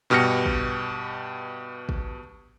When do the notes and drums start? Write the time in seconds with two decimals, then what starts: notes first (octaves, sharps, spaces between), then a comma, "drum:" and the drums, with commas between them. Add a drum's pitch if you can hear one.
0.10 G2 B2 G4 F6 A#6 C#7
0.46 drum: kick
1.89 drum: kick